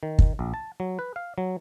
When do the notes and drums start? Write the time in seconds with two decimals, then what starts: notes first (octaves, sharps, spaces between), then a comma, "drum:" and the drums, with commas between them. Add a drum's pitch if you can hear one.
0.03 D#3
0.19 drum: kick
0.39 A#1
0.54 A5
0.80 F#3
0.99 B4
1.16 F5
1.38 F#3